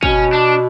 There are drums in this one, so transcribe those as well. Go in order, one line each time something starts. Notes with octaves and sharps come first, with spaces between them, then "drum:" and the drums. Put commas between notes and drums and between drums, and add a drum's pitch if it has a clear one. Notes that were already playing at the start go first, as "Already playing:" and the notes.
B2 C#4, drum: kick
D4